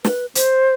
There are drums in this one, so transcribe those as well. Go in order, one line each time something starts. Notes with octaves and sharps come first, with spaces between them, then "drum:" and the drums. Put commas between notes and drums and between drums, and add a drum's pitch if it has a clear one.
B4, drum: snare
C5, drum: hi-hat